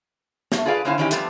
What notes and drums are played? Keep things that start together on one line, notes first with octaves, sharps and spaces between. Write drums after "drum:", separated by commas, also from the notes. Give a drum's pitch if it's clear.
A3, drum: snare
F4 G#4 B4 D5 F5
D3 A#3 C#4 E4 C5 F5
D#3 E3 C#4 D#4 E4 G4
F3 G3 A3 B3 C4, drum: hi-hat